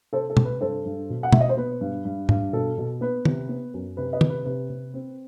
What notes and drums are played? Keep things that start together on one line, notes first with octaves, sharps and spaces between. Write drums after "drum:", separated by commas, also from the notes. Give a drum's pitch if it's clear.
C3 A4 C5
A4
C3, drum: tom
B4
G2 A4 C5
G2
B2
F#5
B2 E5, drum: tom
D#5
C5
B3 B4
G2
G2
G2, drum: tom
B2 A4
B2
B3 B4
C3, drum: tom
B3
F#2
C3 B4
B4 D#5
C3, drum: tom
B4
C3 B4
C3
C4